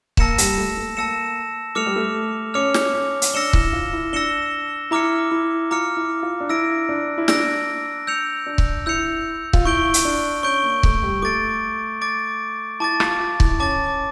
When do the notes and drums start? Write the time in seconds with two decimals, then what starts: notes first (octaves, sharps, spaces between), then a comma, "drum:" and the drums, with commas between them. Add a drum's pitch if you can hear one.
0.17 A#3 A5 E6 A#6 C#7 E7, drum: kick C#1
0.38 G3, drum: hi-hat
0.57 A3
0.77 A3
0.97 A#3 A5 E6 A#6 C#7 E7
1.75 A3 D6 F6 C#7 F7
1.86 G3
1.96 A3
2.54 C#4 D6 F6 C#7 F7
2.74 drum: snare
2.94 C#4
3.22 drum: hi-hat
3.34 D4 E6 A#6 C#7 E7 G7
3.53 E4, drum: kick C#1
3.73 F4
3.93 E4
4.13 D4 E6 A#6 C#7 E7 G7
4.91 E4 A#5 D6 F6 C#7
5.31 E4
5.71 F4 A#5 D6 F6 C#7
5.97 E4
6.23 F4
6.40 D4
6.49 E4 E6 A#6 D7
6.89 D4
7.18 E4
7.28 D4 E6 A#6 D7, drum: snare
8.07 E6 G6 C#7 F7
8.46 D4
8.58 drum: kick C#1
8.86 E4 E6 G6 C#7 F7
9.53 F4, drum: kick C#1
9.65 E4 C#6 G6 D7 G7
9.94 drum: hi-hat
10.05 D4
10.43 C#4 C#6 G6 D7 G7
10.63 A#3
10.83 A3, drum: kick C#1
11.03 G3
11.22 A3 D6 A6 D7
12.01 D6 A6 D7
12.80 E4 A5 D6 A6
13.00 F4, drum: rim click
13.20 F4
13.40 E4, drum: kick C#1
13.60 C#4 A5 D6 A6